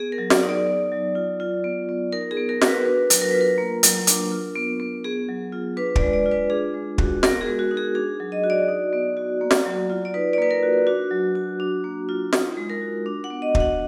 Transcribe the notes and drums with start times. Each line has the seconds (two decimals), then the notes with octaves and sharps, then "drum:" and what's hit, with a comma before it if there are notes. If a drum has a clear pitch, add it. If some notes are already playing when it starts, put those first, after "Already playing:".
Already playing: B3 G#4
0.12 A#4
0.18 F#3
0.30 D5, drum: snare
0.43 D#4
0.49 D5
0.67 B3
0.92 F#3
1.15 F4
1.40 F4
1.64 B3
1.89 B3
2.12 D#4 A#4
2.31 G#4
2.37 B3
2.49 A#4
2.61 F#4 A#4, drum: snare
2.68 B4
2.85 D4 B4
3.10 F#3, drum: hi-hat
3.21 A#4
3.31 F4 B4
3.41 A#4
3.58 A#3
3.83 F#3, drum: hi-hat
4.07 D4, drum: hi-hat
4.31 F4
4.56 B3
4.80 B3
5.04 B3 G#4
5.28 F#3
5.52 F4
5.77 D4 B4
5.96 D5, drum: kick
6.01 G#3
6.13 D5
6.26 F4
6.31 B4
6.50 D4 G#4
6.74 G#3
6.98 F#4, drum: kick
7.23 B3 A#4, drum: snare
7.41 G#4
7.47 G#3
7.59 F#4
7.71 D#4
7.77 G#4
7.95 D4 G#4
8.20 F#3
8.32 D#5
8.44 F#4
8.50 D5
8.68 D#4
8.93 B3
9.17 F#4
9.41 A#3
9.51 drum: snare
9.66 F#3
9.90 F4
10.05 D5
10.14 D#4 B4
10.33 D5
10.38 A#3 B4
10.51 A#4
10.63 F#4
10.87 D4 F#4
11.11 F#3
11.35 F#4
11.60 D4
11.84 A#3
12.09 F4
12.33 D#4, drum: snare
12.57 G#3
12.70 A#4
12.81 F#4
13.06 D4
13.24 F#5
13.30 B3
13.42 D#5
13.55 F#4, drum: kick
13.60 F#5